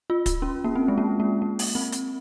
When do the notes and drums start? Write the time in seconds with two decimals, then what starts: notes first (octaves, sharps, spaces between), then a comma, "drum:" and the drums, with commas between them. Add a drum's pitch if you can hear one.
0.10 F4
0.26 drum: kick, hi-hat
0.42 C#4
0.64 A#3
0.76 C4
0.88 G#3
0.98 A#3
1.20 A#3
1.42 A#3
1.59 drum: open hi-hat
1.75 C4
1.92 drum: hi-hat